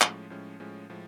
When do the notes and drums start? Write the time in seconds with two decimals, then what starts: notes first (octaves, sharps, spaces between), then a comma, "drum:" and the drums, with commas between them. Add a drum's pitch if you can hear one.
0.01 A2 F3 G#3 C#4, drum: clap
0.30 A2 F3 G#3 C#4
0.60 A2 F3 G#3 C#4
0.90 A2 F3 G#3